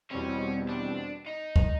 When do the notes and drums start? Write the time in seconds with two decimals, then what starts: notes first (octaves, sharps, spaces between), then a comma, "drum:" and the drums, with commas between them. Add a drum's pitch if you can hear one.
0.11 E2 B2 G3 C4 C#4
0.69 D4
1.27 D#4
1.56 drum: kick C#2